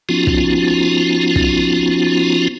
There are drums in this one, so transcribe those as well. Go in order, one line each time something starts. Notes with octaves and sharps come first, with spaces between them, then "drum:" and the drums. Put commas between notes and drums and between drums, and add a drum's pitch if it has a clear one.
F3 B3 C#4 D#4 F4 F#4
drum: kick
drum: kick